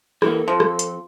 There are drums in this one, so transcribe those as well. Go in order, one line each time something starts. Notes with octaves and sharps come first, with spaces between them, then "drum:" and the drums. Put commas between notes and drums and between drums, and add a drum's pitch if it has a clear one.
E3 A#3 A4, drum: rim click
F2 F3
drum: rim click
drum: hi-hat